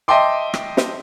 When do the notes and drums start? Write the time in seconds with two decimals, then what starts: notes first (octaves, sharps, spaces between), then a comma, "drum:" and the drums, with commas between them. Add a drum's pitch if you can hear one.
0.08 D#5 E5 G5 A5 C6 D6
0.54 drum: rim click
0.77 drum: snare